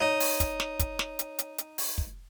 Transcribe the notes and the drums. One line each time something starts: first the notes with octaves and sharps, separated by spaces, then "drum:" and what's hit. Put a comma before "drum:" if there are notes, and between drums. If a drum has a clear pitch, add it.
D#4 C#5
drum: open hi-hat
drum: kick, hi-hat
drum: snare
drum: kick, hi-hat
drum: snare
drum: hi-hat
drum: hi-hat
drum: hi-hat
drum: open hi-hat
drum: kick